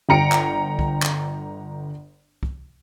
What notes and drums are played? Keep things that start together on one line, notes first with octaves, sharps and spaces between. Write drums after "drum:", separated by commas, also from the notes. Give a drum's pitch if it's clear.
G1 G5 A#5 C#7 D7
drum: clap
drum: kick
drum: clap
drum: kick